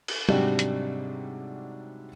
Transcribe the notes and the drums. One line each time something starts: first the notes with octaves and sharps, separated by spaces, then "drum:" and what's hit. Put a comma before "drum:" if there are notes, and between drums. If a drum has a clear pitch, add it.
drum: cymbal
G#2 C3 F#3 G3 D4, drum: tom
drum: hi-hat